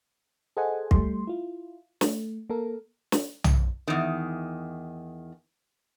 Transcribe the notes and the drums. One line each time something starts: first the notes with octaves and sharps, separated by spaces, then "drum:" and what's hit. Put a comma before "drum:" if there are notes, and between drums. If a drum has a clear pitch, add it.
G#4 A4 C5 D#5 F#5 G#5
G3 A3 C6, drum: kick
E4 F4
A3, drum: snare
A#3 A4 A#4
drum: snare
drum: tom
E2 D#3